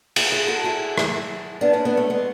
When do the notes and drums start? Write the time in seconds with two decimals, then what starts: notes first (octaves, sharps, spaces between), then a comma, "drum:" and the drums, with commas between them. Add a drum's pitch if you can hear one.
0.16 E4 G#4, drum: cymbal
0.32 E4 G#4
0.48 F#4 A4
0.64 E4 G#4
0.98 drum: rim click
1.61 B3 D4
1.73 C#4 E4
1.85 B3 D4
1.97 A3 C#4
2.10 G#3 B3